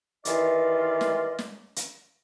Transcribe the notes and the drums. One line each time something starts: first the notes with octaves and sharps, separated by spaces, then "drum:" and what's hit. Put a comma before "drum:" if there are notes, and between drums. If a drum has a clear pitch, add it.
G2 D#3 E3 F4 D5 D#5, drum: hi-hat
drum: snare
drum: snare
drum: hi-hat